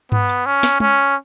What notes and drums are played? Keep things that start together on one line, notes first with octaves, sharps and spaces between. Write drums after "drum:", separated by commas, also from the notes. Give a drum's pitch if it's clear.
B3, drum: tom G2
drum: hi-hat
C#4
drum: snare
C#4, drum: tom